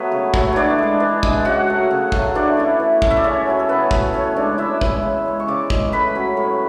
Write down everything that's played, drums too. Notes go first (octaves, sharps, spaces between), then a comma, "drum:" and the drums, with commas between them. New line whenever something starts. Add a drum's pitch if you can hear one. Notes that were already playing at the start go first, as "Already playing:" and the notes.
Already playing: F#3 A3 B3 B4
C#3
F#3 A3, drum: kick
E3 D4 C#5 D5
G#3 D4
E3
G#3 D4, drum: kick
C#3 F#4 F#5
F#3 A3
C#3
F#3 A3, drum: kick
E3 D4 D5
A3 C#4 E4
E3
A3 C#4 E4, drum: kick
E5
D5
C#3 C#4 C#5
F#3 C#4 E4
A4
C#3 B3 B4
F#3 C#4 E4, drum: kick
A2 C#4 C#5
E3 G#3 C#4 D4 D5
A2 E4 E5
E3 G#3 C#4, drum: kick
C#3
G#3 C#4
C#6
C#3 D5 D6
G#3 C#4, drum: kick
A2 B4 B5
F#3 C#4
A2